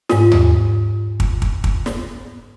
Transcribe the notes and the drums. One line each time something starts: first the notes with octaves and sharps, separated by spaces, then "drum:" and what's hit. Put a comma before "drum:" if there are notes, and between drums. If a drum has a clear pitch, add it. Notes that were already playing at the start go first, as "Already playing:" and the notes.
G#2 F4, drum: snare
drum: tom D#2
drum: kick
drum: kick
drum: kick
drum: snare